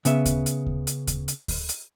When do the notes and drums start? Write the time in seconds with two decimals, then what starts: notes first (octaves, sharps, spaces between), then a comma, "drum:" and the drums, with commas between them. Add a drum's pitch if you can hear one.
0.05 C#3 B3 E5, drum: hi-hat
0.25 drum: kick D2, hi-hat
0.46 drum: hi-hat
0.66 drum: kick D2
0.87 drum: hi-hat
1.07 drum: kick D2, hi-hat
1.28 drum: hi-hat
1.48 drum: kick D2, open hi-hat
1.69 drum: hi-hat